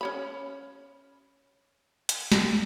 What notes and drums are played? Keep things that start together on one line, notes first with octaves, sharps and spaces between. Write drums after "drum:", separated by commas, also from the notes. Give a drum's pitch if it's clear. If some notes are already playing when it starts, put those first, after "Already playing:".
C#4 C#5 B5
drum: hi-hat
drum: snare